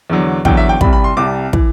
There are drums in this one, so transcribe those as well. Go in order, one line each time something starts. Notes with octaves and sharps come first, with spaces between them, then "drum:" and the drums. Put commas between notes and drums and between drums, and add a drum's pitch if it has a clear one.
E2 D3 F#3
E2 D3 F#3 G5, drum: kick
E5
G5
C2 C3 G3 B5, drum: kick
B5
C6
C2 C3 G3 D6
E3, drum: kick